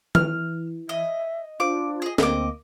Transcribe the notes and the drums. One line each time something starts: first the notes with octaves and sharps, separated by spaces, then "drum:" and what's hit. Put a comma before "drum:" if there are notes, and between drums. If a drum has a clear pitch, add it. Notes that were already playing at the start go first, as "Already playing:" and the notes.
E3 F6, drum: tom D#3
D#5 E5
D4 F4 C5 D6
G#4 D#5
D2 A#3 C4 D#5 D6, drum: snare